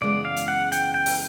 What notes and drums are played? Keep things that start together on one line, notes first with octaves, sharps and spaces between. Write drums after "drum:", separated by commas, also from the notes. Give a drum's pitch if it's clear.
F#2 C#3 E3 G#3 B3 D5
F5
drum: hi-hat
F#5
G5, drum: hi-hat
G5
drum: open hi-hat